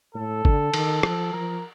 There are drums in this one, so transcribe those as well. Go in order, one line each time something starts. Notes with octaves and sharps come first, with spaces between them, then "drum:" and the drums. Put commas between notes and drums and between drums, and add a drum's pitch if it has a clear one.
A2 A4
D3, drum: kick G1
D#3, drum: cymbal
F3 A4, drum: rim click
F3 A#4